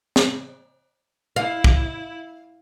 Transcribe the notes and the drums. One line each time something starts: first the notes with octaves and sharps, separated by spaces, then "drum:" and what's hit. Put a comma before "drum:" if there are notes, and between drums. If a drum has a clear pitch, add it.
drum: snare
E4 F5
drum: kick